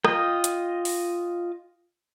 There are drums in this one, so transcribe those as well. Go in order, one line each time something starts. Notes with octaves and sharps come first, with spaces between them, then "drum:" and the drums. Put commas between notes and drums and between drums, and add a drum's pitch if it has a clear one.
F4 D#5 G5, drum: rim click
drum: hi-hat
drum: open hi-hat